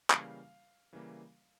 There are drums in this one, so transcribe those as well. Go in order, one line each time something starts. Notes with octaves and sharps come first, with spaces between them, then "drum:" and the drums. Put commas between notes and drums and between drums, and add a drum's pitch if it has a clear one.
C#3 E3 G3 A#3 F5, drum: clap
C#3 E3 G3 A#3